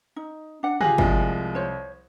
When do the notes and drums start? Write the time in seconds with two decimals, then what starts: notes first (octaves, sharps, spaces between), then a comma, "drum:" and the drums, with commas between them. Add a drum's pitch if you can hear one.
0.16 D#4
0.63 D4 F#5
0.81 F4 G4 G#4 G#5 F#6 A#6, drum: tom
0.98 C2 F3 G#3, drum: kick
1.55 C5 C#5